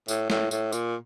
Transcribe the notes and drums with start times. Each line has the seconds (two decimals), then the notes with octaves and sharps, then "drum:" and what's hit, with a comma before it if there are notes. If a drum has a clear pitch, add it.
0.08 A2, drum: tambourine
0.30 A2, drum: snare
0.51 A2, drum: tambourine
0.72 A#2, drum: tambourine